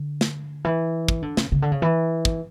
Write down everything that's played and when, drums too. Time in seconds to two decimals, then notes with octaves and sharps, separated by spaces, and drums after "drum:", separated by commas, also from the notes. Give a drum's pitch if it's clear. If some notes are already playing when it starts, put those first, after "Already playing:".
Already playing: D3
0.21 drum: snare
0.65 E3
1.08 drum: kick
1.22 D3
1.37 C#3, drum: snare
1.52 C#3
1.62 D3
1.72 C#3
1.82 E3
2.25 drum: kick